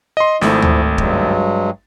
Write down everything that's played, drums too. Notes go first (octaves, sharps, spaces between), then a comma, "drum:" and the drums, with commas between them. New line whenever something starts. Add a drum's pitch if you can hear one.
D#5 C6
G#1 F3 A3 E4, drum: snare
drum: tom D2
G2 F#3 G#3, drum: kick